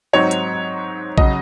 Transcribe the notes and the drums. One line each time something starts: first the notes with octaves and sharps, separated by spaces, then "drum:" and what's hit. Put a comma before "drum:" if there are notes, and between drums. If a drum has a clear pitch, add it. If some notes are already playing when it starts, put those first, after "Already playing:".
G#2 F#3 C4 D#4 C#5
drum: hi-hat
C#3 F#3 C#4 D#5, drum: kick A#1